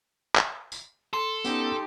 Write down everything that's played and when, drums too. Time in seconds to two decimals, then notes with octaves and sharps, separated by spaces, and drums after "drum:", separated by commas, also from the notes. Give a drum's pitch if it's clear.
0.35 drum: clap
0.72 drum: tambourine
1.13 A4 C6
1.45 B3 C#4 D#4 G4 G5, drum: tambourine